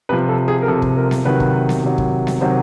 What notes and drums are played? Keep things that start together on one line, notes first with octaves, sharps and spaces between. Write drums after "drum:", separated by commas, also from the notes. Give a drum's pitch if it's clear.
C3 F3 B4
A4
G#4
A#4
C3 F3 A4
drum: kick
A#4
drum: snare B3
C3 D#3 F#3 B4
drum: kick
drum: snare B3
C3 D#3 F#3
drum: kick
drum: snare B3
C3 D#3 F#3 C5